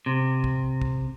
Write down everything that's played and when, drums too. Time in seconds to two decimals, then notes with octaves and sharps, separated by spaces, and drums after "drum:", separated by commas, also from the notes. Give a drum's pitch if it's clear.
0.06 C3
0.44 drum: kick
0.81 drum: kick